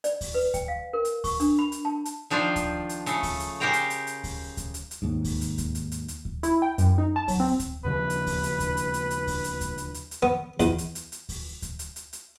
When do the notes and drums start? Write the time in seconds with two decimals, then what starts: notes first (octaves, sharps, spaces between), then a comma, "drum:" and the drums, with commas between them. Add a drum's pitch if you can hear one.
0.04 D5, drum: hi-hat
0.21 drum: kick D2, open hi-hat
0.34 B4
0.54 G5, drum: kick D2, hi-hat
0.68 F5
0.93 A#4
1.05 drum: hi-hat
1.24 C#6, drum: kick D2, open hi-hat
1.40 D4, drum: hi-hat
1.59 B5
1.72 drum: hi-hat
1.85 A5
2.05 drum: hi-hat
2.30 D#3 F3 D4 C5
2.56 drum: kick D2, hi-hat
2.89 drum: hi-hat
3.06 C#3 A3, drum: hi-hat
3.23 drum: kick D2, open hi-hat
3.40 drum: hi-hat
3.60 C#3 G4 A#4 C5 G5 A#5
3.73 drum: hi-hat
3.90 drum: hi-hat
4.07 drum: hi-hat
4.24 drum: kick D2, open hi-hat
4.57 drum: kick D2, hi-hat
4.74 drum: hi-hat
4.91 drum: hi-hat
5.02 D#2 G#2
5.24 drum: kick D2, open hi-hat
5.41 drum: hi-hat
5.58 drum: kick D2, hi-hat
5.75 drum: hi-hat
5.92 drum: hi-hat
6.08 drum: hi-hat
6.25 drum: kick D2
6.43 E4, drum: hi-hat
6.62 G5
6.78 F#2, drum: hi-hat
6.98 D#4
7.16 A5
7.28 F#3, drum: kick D2, open hi-hat
7.40 C4
7.59 drum: kick D2, hi-hat
7.85 D#2 C#3 F3 B4
8.10 drum: hi-hat
8.27 drum: kick D2, open hi-hat
8.43 drum: hi-hat
8.60 drum: kick D2, hi-hat
8.77 drum: hi-hat
8.94 drum: hi-hat
9.11 drum: hi-hat
9.27 drum: kick D2, open hi-hat
9.44 drum: hi-hat
9.61 drum: kick D2, hi-hat
9.78 drum: hi-hat
9.94 drum: hi-hat
10.11 drum: hi-hat
10.23 B3
10.60 E2, drum: kick D2, hi-hat
10.78 drum: hi-hat
10.95 drum: hi-hat
11.12 drum: hi-hat
11.29 drum: kick D2, open hi-hat
11.62 drum: kick D2, hi-hat
11.79 drum: hi-hat
11.96 drum: hi-hat
12.13 drum: hi-hat